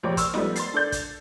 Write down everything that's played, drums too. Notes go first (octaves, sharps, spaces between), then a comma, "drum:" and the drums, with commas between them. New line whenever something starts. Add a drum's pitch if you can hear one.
F1 A#1 G4 C#5 D6
C6 C#6 E6 F6, drum: kick, hi-hat
F3 G3 A3 B3 D#4, drum: rim click
C6 A6 C7, drum: hi-hat
D4 A4 D5 G6 A6
drum: kick, hi-hat